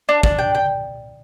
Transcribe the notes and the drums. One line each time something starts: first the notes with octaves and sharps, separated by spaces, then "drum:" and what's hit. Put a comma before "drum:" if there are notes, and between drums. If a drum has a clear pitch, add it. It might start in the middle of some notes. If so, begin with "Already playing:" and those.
D4
D4, drum: kick
G5
G5